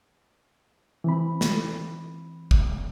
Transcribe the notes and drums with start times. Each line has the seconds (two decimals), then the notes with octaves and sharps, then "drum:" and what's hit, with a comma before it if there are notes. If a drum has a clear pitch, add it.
1.04 E3 C4 B5
1.41 drum: snare
2.51 drum: kick